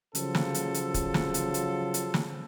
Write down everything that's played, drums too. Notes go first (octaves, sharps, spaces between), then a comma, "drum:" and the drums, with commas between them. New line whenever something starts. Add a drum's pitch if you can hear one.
C#3 F3 F#3 F4 A4, drum: hi-hat
drum: snare
drum: hi-hat
drum: hi-hat
drum: kick, hi-hat
drum: snare
drum: hi-hat
drum: hi-hat
drum: hi-hat
drum: snare